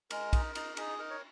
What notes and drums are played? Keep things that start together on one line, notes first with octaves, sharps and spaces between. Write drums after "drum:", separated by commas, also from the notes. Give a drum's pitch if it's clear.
G#3 A#4, drum: cymbal
D#4, drum: kick, cymbal
D#4, drum: cymbal
D#4 G#4, drum: cymbal
D#4 A#4
C#5